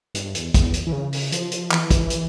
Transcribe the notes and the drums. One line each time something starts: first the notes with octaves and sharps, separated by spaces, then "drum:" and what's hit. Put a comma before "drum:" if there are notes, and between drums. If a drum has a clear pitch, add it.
G2, drum: hi-hat
E2, drum: hi-hat
E2, drum: kick, hi-hat
drum: hi-hat
E3
C#3
drum: open hi-hat
F3, drum: hi-hat
drum: hi-hat
E3, drum: clap
drum: kick, hi-hat
drum: hi-hat